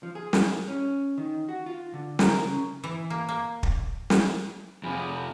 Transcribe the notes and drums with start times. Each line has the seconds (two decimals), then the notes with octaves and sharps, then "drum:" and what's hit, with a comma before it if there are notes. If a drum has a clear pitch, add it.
0.03 F3
0.15 G#4
0.33 drum: snare
0.68 C#4
1.18 D#3
1.49 F#4
1.66 F4
1.94 D3
2.19 A#4, drum: snare
2.45 C#3
2.84 E3
3.10 A#3
3.29 A#3
3.63 drum: kick
4.10 drum: snare
4.83 F2 C3 G#4 G#5 B5
5.16 B5